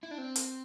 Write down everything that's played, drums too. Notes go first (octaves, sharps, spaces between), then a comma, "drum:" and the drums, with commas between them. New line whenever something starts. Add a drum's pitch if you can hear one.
E4
D4
C4
drum: hi-hat